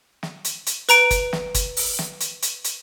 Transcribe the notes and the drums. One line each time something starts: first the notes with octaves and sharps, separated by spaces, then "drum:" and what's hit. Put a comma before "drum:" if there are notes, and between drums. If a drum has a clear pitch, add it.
drum: snare
drum: hi-hat
drum: hi-hat
B4 A#5 D7, drum: hi-hat
drum: kick, hi-hat
drum: snare
drum: kick, hi-hat
drum: open hi-hat
drum: snare
drum: hi-hat
drum: hi-hat
drum: hi-hat